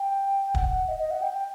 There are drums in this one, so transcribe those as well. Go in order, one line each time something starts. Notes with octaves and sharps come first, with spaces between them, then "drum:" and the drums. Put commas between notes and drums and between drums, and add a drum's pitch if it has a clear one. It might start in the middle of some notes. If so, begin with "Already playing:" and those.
Already playing: G5
F#5, drum: kick
D#5
D#5
F#5
G5
G5